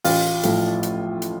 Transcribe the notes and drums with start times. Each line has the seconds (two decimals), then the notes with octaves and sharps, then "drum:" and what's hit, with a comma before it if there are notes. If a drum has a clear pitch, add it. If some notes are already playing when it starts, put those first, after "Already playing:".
0.04 A1 F4, drum: open hi-hat
0.43 A2 F3 A3, drum: hi-hat
0.83 drum: hi-hat
1.22 drum: hi-hat